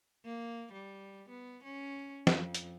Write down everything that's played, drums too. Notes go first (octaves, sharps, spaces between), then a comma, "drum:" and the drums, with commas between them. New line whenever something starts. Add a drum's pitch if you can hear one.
A#3
G3
B3
C#4
F2, drum: snare
drum: hi-hat